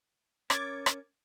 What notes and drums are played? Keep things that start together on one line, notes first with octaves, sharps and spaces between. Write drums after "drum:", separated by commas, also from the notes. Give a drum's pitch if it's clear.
C#4 A#4 C#5 D6 G#6 A6, drum: rim click
drum: rim click